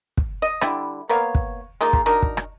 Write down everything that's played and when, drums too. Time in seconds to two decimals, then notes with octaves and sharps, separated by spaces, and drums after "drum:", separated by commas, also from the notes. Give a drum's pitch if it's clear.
0.17 drum: kick
0.42 D#5
0.61 D3 G3 E4, drum: rim click
1.09 A#3 B3 C#5 F5
1.35 drum: kick
1.81 G#3 A#3 D#4 F4
1.93 drum: kick
2.06 D4 D#4 F#4 A#4
2.22 drum: kick
2.37 drum: rim click